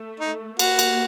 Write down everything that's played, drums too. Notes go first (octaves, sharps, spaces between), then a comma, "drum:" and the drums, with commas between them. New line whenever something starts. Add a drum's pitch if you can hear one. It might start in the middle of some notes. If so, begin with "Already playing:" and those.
Already playing: A3
D#4
A#3 F#4, drum: cymbal
drum: cymbal